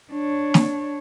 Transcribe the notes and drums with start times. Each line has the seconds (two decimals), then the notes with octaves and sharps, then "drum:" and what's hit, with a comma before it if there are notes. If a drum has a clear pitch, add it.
0.11 D4 C#5
0.54 drum: snare